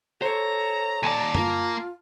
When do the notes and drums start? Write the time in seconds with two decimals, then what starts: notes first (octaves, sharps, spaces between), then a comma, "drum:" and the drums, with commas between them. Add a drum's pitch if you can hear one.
0.22 A4 C5 C#5 A#5
1.03 D#2 D5 G#5 A5
1.35 A#3 F4, drum: tom F#2